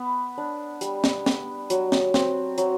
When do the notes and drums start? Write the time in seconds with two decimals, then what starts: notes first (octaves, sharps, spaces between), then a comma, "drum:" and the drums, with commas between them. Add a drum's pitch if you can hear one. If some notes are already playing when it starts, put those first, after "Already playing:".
Already playing: B3
0.38 D4
0.81 G3, drum: hi-hat
1.04 drum: snare
1.26 B3, drum: snare
1.70 F#3, drum: hi-hat
1.92 drum: snare
2.14 C4, drum: snare
2.58 F#3, drum: hi-hat